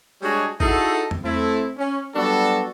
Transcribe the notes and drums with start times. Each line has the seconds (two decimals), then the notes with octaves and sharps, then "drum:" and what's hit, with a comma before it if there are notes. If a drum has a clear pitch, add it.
0.21 G3 G#3 D4 F#4 G#4 C#5
0.60 D#4 E4 F#4 G#4 A4, drum: kick
1.11 drum: tom E2
1.23 A3 C4 E4
1.77 C#4
2.14 F#3 G3 B3 D4 F#4 A4